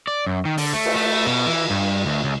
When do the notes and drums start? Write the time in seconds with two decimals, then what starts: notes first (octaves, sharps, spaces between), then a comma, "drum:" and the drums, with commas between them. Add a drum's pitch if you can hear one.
0.07 D5
0.26 F#2
0.45 D#3
0.58 D3, drum: open hi-hat
0.73 A3
0.85 drum: cymbal
0.96 A3
1.27 B2
1.47 E3
1.70 G2
2.06 D2
2.24 C#2